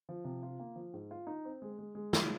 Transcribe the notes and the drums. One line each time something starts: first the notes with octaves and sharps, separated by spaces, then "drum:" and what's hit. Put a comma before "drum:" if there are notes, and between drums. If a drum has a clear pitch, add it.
F3
C3
F4
A#3
F3
G#2
F4
D#4
C4
G#3
G#3
G#3
F3, drum: snare